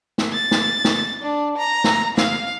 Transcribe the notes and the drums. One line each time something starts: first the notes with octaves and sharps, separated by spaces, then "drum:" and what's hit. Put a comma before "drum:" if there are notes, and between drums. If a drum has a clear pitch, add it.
drum: snare
A6
drum: snare
drum: snare
D4
A#5
drum: snare
F5, drum: snare